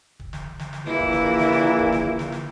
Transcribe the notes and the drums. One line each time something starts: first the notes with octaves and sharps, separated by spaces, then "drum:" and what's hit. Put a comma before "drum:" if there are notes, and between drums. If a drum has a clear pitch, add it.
drum: kick
drum: snare
drum: snare
drum: snare
A#1 A#2 E3 A#3 E4
drum: kick
drum: snare
drum: snare
drum: snare
drum: kick
drum: snare
drum: snare
drum: snare